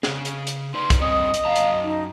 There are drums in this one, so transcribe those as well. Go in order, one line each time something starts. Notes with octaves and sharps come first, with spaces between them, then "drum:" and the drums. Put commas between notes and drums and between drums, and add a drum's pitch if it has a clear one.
C#3 G#4, drum: snare
drum: hi-hat
drum: hi-hat
D#4 B4 D5 C6
drum: kick, hi-hat
G2 C4 C#5 D#5 D#6
drum: hi-hat
F#2 F5 A5 A#5
drum: hi-hat
D#4